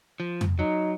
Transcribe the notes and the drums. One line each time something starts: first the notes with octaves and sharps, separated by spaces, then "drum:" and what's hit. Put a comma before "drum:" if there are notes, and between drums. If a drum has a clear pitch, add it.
F3
drum: tom
F#3 D#4